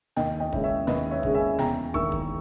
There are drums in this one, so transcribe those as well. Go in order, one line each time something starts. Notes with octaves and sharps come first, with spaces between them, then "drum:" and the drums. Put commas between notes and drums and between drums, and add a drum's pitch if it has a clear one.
D#2 D#5 G5, drum: snare
D#5 G5
C#3 G#3 C#4 E4, drum: kick
C#5 E5
D#2 B4 D#5, drum: snare
C#5 E5
C#3 G#3 C#4 E4, drum: kick
E5 G#5
E2 G5 A#5, drum: snare
D#3 A#3 E4 C#6 E6, drum: kick
drum: kick